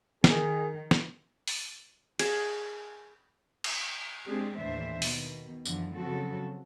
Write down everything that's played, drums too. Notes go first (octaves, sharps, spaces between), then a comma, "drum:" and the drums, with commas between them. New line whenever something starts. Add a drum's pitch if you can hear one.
D#3 G#4, drum: snare
drum: snare
drum: open hi-hat
G#4, drum: cymbal
drum: cymbal
G#3 C4 D4 G4 G#4
D#2 A2 E3 D4 C5 E5
B2 D#3, drum: open hi-hat
F#2 D3 E3 F3, drum: tambourine
C#3 F3 F#3 C4 F#4 A4